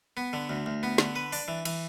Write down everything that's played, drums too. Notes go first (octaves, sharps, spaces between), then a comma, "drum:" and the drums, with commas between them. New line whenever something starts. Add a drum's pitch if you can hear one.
B3
D3
D2
D2
B3
D3, drum: snare
B4
D4, drum: open hi-hat
E3
E3, drum: cymbal